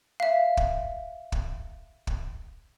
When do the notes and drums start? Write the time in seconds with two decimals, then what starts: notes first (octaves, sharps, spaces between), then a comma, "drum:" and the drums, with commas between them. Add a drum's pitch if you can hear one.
0.20 E5 F5
0.57 drum: kick
1.32 drum: kick
2.07 drum: kick